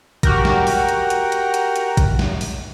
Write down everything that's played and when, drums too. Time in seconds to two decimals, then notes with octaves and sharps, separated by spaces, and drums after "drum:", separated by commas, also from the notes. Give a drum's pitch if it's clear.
0.23 F#4 G4 A#4, drum: kick A1, hi-hat
0.45 drum: snare
0.67 drum: open hi-hat
0.89 drum: hi-hat
1.10 drum: hi-hat
1.32 drum: hi-hat
1.54 drum: hi-hat
1.76 drum: hi-hat
1.97 drum: kick A1, hi-hat
2.19 drum: snare
2.41 drum: open hi-hat